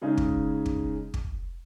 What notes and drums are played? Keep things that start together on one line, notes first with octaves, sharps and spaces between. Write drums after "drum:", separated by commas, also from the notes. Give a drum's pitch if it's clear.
C#3 G#3 D#4 G#4
drum: kick
drum: kick
drum: kick